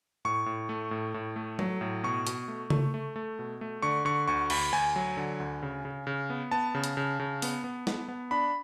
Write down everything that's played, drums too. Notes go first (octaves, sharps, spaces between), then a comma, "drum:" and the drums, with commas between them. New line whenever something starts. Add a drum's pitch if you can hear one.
A2 C#6
A2
A3
A2
A2
A3
F#3, drum: tom F#3
A2
B2 C#6
B2, drum: hi-hat
A3
A3, drum: tom C#3
A3
A3
B2
A3
D3 C#6
D3 C#6
D2 C#6
D2 B5, drum: cymbal
D2 G#5
F#3
D3
D2
C#3
C#3
C#3
B3
B3 A5
C#3
drum: hi-hat
C#3
C#3
B3, drum: open hi-hat
B3
B3, drum: snare
B3
D4 B5